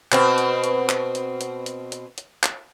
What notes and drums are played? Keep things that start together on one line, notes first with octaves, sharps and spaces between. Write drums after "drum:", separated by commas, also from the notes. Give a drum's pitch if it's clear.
B2 C4, drum: clap
drum: hi-hat
drum: hi-hat
drum: clap
drum: hi-hat
drum: hi-hat
drum: hi-hat
drum: hi-hat
drum: hi-hat
drum: clap